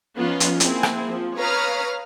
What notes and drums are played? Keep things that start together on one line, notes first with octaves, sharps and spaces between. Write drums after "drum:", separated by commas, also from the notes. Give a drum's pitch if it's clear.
F3 B3 C#4 D#4 F4
drum: hi-hat
A#3 C4 E4 G#4, drum: hi-hat
drum: rim click
F3
B4 C#5 F5 A#5 D#6 F6